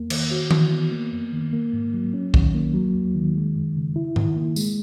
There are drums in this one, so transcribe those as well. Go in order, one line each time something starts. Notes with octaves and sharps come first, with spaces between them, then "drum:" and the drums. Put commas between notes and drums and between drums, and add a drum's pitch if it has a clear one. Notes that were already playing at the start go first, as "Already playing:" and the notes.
Already playing: E2 A#3
D#3, drum: cymbal
F#4
E3, drum: tom D#3
B3
A#3
F#2
D#3
A#3
G#2
F#3
C#4
D#3, drum: kick B1
A#3
F#3
D#2
D#3
G#3
F#2
C#3
E4
D#3, drum: tom G#2
A#3
G#3, drum: tambourine